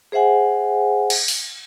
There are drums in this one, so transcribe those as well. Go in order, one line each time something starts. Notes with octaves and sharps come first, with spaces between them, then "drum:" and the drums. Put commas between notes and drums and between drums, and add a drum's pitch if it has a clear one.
G#4 C5 E5 F#5 G#5
drum: cymbal
drum: open hi-hat